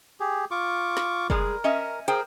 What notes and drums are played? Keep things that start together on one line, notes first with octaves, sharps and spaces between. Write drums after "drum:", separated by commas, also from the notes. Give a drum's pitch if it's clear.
G4 G#4
F4 C#6 D6
drum: snare
G3 G#3 G#4 A#4, drum: kick
C#4 D#5 E5
G#4 A#4 C5 G5, drum: hi-hat